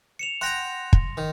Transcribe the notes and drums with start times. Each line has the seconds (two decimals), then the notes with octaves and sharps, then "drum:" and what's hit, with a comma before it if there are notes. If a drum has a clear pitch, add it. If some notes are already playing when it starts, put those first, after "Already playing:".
0.19 C#7 E7 F7
0.41 F#5 G5 A#5 C6 A#6 F7
0.93 drum: kick
1.17 D#3